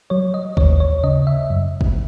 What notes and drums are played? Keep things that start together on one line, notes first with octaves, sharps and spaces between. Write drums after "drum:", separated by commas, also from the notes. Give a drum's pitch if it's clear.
F#3 C#5
D#5
D#2 C#5, drum: kick
C#5
C#3 D#5
E5
F#2
drum: kick